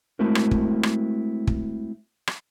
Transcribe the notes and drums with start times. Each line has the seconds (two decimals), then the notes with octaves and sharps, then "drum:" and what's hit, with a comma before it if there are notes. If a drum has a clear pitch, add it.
0.19 G#3 A3 C4 E4 F#4 A#4
0.35 drum: rim click
0.51 drum: kick
0.83 drum: rim click
1.47 drum: kick
2.27 drum: rim click